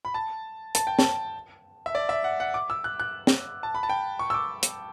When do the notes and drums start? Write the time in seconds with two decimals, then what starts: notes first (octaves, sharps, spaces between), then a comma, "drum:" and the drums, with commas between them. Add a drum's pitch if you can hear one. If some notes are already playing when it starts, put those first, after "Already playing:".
0.05 B5
0.14 A5
0.75 A5, drum: hi-hat
0.87 G5
0.99 A5, drum: snare
1.86 E5
1.95 D5
2.09 E5
2.24 F#5
2.40 F#5
2.54 D6
2.70 E6
2.84 F#6
3.00 F#6
3.27 drum: snare
3.63 A5
3.75 B5
3.83 A5
3.89 G5
4.19 C#6
4.30 E6
4.34 D6
4.63 drum: hi-hat